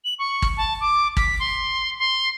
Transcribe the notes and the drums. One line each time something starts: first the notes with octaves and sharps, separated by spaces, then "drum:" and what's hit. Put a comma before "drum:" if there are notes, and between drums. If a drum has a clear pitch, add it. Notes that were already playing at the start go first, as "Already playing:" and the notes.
F#7
C#6
drum: kick G#1
A5
D6
B6, drum: kick G#1
C6
C6